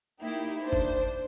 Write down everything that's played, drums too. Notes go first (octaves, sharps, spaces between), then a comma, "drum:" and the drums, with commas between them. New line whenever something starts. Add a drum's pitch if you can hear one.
A#3 D#4 E4 G4
D4 C5
drum: kick